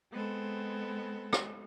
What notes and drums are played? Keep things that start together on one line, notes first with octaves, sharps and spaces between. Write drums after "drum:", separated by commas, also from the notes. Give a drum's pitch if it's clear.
G#3 B3 C4 A4
drum: rim click